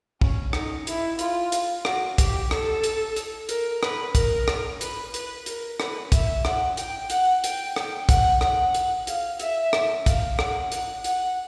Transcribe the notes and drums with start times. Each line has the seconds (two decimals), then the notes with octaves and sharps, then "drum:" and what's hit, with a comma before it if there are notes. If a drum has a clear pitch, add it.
0.21 C#4, drum: kick
0.53 D#4, drum: rim click
0.87 E4, drum: hi-hat
1.19 F4, drum: hi-hat
1.52 drum: hi-hat
1.85 F#4, drum: rim click
2.18 G4, drum: kick, hi-hat
2.51 A4, drum: rim click
2.84 drum: hi-hat
3.16 drum: hi-hat
3.49 A#4, drum: hi-hat
3.83 B4, drum: rim click
4.15 A#4, drum: kick, hi-hat
4.48 drum: rim click
4.81 B4, drum: hi-hat
5.14 B4, drum: hi-hat
5.46 A#4, drum: hi-hat
5.80 B4, drum: rim click
6.12 E5, drum: kick, hi-hat
6.45 F#5, drum: rim click
6.77 G5, drum: hi-hat
7.10 F#5, drum: hi-hat
7.44 G5, drum: hi-hat
7.76 G5, drum: rim click
8.09 F#5, drum: kick, hi-hat
8.41 F#5, drum: rim click
8.74 drum: hi-hat
9.07 F5, drum: hi-hat
9.40 E5, drum: hi-hat
9.73 drum: rim click
10.06 F5, drum: kick, hi-hat
10.39 F#5, drum: rim click
10.72 F#5, drum: hi-hat
11.04 F#5, drum: hi-hat